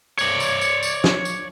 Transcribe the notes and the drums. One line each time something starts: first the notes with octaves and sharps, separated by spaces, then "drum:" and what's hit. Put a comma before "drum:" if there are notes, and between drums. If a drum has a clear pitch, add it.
C#5 D5, drum: tambourine
drum: tambourine
drum: tambourine
drum: tambourine
drum: snare
drum: tambourine